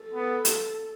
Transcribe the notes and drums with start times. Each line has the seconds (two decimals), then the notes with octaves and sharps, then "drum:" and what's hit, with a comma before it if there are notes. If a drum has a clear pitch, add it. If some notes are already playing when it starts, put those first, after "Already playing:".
Already playing: A4
0.15 B3
0.45 drum: hi-hat